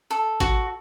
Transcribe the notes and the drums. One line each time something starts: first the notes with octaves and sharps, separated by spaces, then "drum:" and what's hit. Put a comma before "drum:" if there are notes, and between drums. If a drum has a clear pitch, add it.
A4
F#4, drum: kick G#1, hi-hat